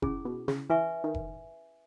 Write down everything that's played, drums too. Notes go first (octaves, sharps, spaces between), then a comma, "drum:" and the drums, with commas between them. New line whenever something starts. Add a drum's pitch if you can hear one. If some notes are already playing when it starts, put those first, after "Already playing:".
C#3 C#4 E4 G#4, drum: kick F1
B2
C#3, drum: snare
E3 B4 E5 G#5 C#6
D#3
drum: kick F1